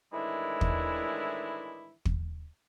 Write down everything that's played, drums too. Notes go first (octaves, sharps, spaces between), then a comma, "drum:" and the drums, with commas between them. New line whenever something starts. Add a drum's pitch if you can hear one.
A2 D#3 E3 G#3 D4 E4
drum: kick
drum: kick